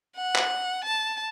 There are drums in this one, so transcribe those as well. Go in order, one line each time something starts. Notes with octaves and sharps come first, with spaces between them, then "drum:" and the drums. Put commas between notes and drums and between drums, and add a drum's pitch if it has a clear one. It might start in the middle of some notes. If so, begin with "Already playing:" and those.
F#5
drum: clap
A5